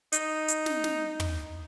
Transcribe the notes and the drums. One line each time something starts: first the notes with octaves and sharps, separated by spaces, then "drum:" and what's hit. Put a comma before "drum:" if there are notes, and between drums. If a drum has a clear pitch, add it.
D#4, drum: hi-hat
drum: hi-hat
drum: snare
drum: snare
drum: tom